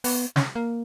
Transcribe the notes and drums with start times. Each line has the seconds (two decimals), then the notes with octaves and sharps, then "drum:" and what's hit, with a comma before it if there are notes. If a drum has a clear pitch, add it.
0.04 B3, drum: open hi-hat
0.36 C#4, drum: snare
0.56 A#3